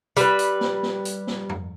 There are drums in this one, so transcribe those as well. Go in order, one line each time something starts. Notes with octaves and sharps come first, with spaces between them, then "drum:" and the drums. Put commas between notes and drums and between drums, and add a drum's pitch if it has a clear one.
G3 B4, drum: hi-hat
drum: hi-hat
drum: snare
drum: snare
drum: hi-hat
drum: snare
drum: tom F2